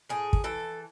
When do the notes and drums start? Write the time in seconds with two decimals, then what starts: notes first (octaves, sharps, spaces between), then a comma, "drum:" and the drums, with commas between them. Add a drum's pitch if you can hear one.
0.09 A2 G#4
0.33 drum: kick
0.44 E3 A4